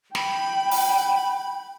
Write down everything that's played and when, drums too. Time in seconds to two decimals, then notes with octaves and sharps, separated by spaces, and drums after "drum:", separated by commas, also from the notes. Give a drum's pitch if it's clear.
0.15 G5 B5, drum: snare
0.71 drum: open hi-hat